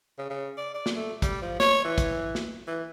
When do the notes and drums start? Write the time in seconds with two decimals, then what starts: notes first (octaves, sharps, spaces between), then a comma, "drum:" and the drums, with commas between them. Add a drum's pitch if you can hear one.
0.18 C#3
0.30 C#3
0.57 D5
0.74 D5
0.86 drum: snare
0.96 A3
1.22 G3, drum: kick, hi-hat
1.42 F3
1.60 C#5, drum: snare
1.84 E3
1.98 drum: kick, hi-hat
2.35 drum: snare
2.68 E3